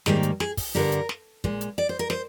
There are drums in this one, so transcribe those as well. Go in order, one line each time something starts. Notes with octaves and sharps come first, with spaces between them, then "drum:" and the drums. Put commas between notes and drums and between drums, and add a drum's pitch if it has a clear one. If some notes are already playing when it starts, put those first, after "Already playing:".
G#2 D#3 G3 A#3 G#4, drum: snare
drum: hi-hat
G#4, drum: snare
drum: kick, open hi-hat
G2 D3 G3 A#4
drum: hi-hat
drum: snare
A#2 G#3, drum: kick
drum: hi-hat
D5
C5
A#4
C5, drum: snare